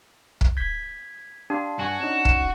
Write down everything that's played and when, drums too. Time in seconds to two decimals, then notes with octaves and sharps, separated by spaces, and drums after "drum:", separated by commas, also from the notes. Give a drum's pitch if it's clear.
0.41 drum: kick
0.57 G6 G#6 B6
1.50 D4 G4 F5 C6
1.79 G2 F#4 G#5
2.00 C#4 D#4 E7
2.25 drum: kick